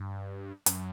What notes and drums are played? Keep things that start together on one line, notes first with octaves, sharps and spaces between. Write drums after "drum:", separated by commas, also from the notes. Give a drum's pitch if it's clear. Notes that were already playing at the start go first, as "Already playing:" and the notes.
Already playing: G2
F#2, drum: hi-hat